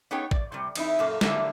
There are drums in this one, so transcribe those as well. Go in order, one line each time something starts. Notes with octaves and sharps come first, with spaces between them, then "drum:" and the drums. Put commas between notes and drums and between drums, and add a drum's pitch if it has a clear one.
B3 C#4 D#4 G#4 C#5 G5
D5, drum: kick A1
A2 C3 G3
F2 D#4 E4, drum: cymbal
F#2 A#2 A#3 A4
D3 E3 G3 A#3 D4 E4, drum: snare